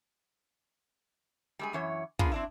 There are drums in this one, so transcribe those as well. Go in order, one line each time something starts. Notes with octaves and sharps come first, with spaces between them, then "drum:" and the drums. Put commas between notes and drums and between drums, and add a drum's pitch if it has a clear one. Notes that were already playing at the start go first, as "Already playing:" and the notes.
G3 G#3 G#4
F#2 E3 C#5
A#3 B3 D4 F4 G#4, drum: kick
C4 D4 E4